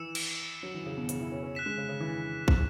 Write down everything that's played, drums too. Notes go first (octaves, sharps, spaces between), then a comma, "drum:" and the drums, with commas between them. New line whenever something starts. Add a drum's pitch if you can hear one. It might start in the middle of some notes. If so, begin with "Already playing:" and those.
Already playing: E3 E6 C#7 E7
drum: cymbal
F#3
E3
C#3
B2
C#3, drum: hi-hat
E4
C#4
C#4
F#6 B6 E7
G#3
C#3
C#3
E3
drum: kick